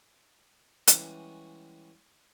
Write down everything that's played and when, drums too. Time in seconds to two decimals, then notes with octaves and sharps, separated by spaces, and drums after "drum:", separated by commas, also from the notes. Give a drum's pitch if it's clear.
0.87 E3 G3 G#3 C#4 F#4, drum: hi-hat